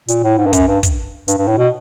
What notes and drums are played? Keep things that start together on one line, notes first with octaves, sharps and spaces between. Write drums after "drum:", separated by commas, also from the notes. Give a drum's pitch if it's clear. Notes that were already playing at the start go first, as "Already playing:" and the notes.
A#2, drum: hi-hat
A2
G#2
G2
F#2, drum: kick, hi-hat
G2
drum: kick, hi-hat
G2, drum: hi-hat
G2
A2
B2